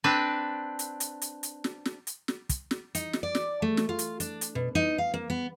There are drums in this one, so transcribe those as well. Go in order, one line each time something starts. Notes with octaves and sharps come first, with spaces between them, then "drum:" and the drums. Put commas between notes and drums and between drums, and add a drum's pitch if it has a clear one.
C4 D4 B4
drum: hi-hat
drum: hi-hat
drum: hi-hat
drum: hi-hat
drum: snare
drum: snare
drum: hi-hat
drum: snare
drum: kick, hi-hat
drum: snare
D#4, drum: hi-hat
drum: snare
D5
drum: snare
A3
drum: snare
F4
drum: hi-hat
D4, drum: hi-hat
drum: hi-hat
B2
D#4
F5
A#3
B3